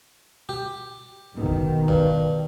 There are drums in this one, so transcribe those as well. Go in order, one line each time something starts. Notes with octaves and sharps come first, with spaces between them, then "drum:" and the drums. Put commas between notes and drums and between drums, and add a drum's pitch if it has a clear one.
G4, drum: tom B2
B2 D#3
drum: kick F#1
G2, drum: kick F#1